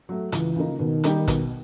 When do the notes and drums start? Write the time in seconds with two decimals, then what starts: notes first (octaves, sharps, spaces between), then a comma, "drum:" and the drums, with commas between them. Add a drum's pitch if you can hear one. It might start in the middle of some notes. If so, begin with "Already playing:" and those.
0.09 F#3 A3
0.32 C#2 E3, drum: hi-hat
0.56 C#3 F3 A#3 D#4
0.79 B2 D#3
1.04 G3 A#3 D#4 G4, drum: hi-hat
1.28 B2, drum: kick, hi-hat